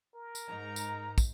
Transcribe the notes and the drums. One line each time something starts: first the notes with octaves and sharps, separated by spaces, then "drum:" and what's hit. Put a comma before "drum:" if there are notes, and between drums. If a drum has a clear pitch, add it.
A#4
drum: tambourine
G#2 D#4 A#5
drum: tambourine
drum: kick, tambourine